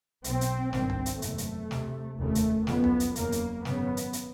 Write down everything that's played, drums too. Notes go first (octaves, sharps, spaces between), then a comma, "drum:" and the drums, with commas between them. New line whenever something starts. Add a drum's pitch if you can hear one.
B1 B2 C4, drum: hi-hat
drum: hi-hat
G#1 G2 C4, drum: snare
drum: tom C#2
drum: hi-hat
F#1 E2 C3 A3, drum: hi-hat
drum: hi-hat
D2 C3, drum: snare
F1 D#2 C#3 A3
drum: hi-hat
F#1 F2 C#3 B3, drum: snare
drum: tom C#2
drum: hi-hat
F#1 E2 C#3 A#3, drum: hi-hat
drum: hi-hat
G#1 F#2 C#3 B3, drum: snare
drum: hi-hat
drum: hi-hat